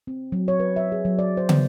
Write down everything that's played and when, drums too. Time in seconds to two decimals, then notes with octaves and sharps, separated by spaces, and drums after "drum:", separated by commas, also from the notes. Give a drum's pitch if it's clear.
0.07 C4
0.32 F#3
0.48 C#5
0.60 B4
0.76 E5
0.92 G#4
1.05 F#3
1.19 D5
1.37 C5
1.49 B3, drum: tom